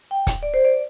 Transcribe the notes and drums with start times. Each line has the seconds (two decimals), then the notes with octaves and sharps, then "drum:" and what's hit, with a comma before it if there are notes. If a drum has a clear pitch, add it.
0.11 G5
0.27 drum: kick, hi-hat
0.43 D5
0.54 C5
0.65 D5